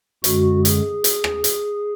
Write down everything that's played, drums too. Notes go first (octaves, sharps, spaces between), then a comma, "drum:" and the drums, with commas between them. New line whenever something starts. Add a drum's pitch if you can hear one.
F#2 D3 G#3 F#4, drum: hi-hat
G#4, drum: hi-hat
drum: hi-hat
drum: rim click
drum: hi-hat